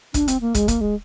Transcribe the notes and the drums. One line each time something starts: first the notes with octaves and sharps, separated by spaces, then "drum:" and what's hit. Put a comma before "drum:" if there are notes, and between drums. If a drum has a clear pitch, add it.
D4, drum: kick, hi-hat
C4, drum: hi-hat
A#3
G#3, drum: kick, hi-hat
A#3, drum: kick, hi-hat
G#3